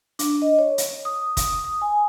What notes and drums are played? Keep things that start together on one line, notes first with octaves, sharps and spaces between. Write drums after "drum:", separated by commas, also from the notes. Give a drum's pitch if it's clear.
D4, drum: hi-hat
D#5
C#5
drum: hi-hat
D#6
drum: kick, hi-hat
D#6
G#5